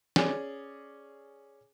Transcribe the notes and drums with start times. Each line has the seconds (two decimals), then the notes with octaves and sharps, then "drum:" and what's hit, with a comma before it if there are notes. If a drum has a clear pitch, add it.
0.16 C#4 G#4 D5, drum: snare